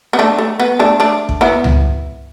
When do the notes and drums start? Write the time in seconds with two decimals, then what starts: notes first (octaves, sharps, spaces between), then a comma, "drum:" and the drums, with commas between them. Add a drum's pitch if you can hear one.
0.13 B3
0.19 A3 D4
0.39 A3
0.59 B3
0.79 A3 D4
1.00 A3 D4
1.29 drum: kick
1.41 B3 E4
1.64 drum: tom C#2